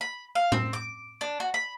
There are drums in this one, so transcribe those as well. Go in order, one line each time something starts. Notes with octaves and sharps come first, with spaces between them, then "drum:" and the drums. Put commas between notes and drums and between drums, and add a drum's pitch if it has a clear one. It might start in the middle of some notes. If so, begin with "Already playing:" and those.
B5
F5
C4, drum: tom A2
D6
D4
F#4
B5